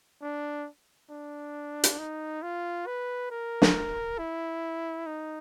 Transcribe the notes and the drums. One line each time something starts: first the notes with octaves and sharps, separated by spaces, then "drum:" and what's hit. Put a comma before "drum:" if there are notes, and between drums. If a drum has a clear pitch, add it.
D4
D4
drum: hi-hat
D#4
F4
B4
A#4
drum: snare
E4
D#4